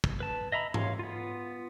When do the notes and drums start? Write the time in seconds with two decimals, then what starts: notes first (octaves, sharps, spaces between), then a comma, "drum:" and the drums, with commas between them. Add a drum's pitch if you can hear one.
0.04 drum: kick
0.20 B4 A5
0.52 D#5 E5 A#5 B5
0.74 C#5 F5 C6, drum: tom G#2
0.99 B3 F4